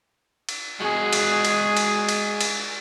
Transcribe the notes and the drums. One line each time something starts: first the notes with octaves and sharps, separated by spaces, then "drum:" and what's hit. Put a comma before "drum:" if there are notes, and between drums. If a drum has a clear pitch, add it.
drum: cymbal
G#3 F#4 G#4
drum: cymbal
drum: cymbal
drum: cymbal
drum: cymbal
drum: cymbal